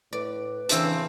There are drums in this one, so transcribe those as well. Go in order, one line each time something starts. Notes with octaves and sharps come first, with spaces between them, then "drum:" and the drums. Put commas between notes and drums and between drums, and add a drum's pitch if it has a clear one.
A2 B4 D5
A2 C#3 E3 C4 D4 E5 A5, drum: hi-hat